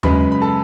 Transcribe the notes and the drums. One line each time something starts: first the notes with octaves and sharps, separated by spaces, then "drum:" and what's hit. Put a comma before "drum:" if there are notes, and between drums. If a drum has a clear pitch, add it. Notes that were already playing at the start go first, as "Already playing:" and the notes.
F#2 C#3 G#3 B4 B5, drum: tom D#2
B5
A4 A5